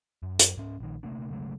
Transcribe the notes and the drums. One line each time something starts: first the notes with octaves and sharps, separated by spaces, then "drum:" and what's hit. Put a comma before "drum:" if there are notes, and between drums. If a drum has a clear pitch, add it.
F#2
drum: hi-hat
G#2 C#4
A#1 D#3
C3 A3 A#3 D4
C#3 F#3 G#3 A3